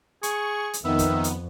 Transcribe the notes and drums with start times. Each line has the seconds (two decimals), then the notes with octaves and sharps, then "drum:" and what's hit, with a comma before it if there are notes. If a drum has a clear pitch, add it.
0.23 G#4 C#6, drum: hi-hat
0.73 drum: hi-hat
0.85 F2 D#3 B3 E5
0.99 drum: kick, hi-hat
1.24 drum: hi-hat